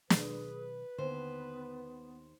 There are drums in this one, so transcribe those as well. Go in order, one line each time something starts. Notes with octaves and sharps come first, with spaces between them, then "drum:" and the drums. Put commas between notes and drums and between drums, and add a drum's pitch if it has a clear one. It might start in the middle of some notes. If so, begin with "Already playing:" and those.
B2 D#3 F#3 G#4 B4, drum: snare
D#2 D3 B3 C5